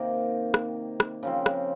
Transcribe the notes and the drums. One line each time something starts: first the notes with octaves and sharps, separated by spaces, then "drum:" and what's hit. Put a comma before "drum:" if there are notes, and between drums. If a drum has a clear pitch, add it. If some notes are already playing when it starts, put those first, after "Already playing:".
Already playing: C3 D#3 A#3
drum: rim click
drum: rim click
C#3 F3 C4
drum: rim click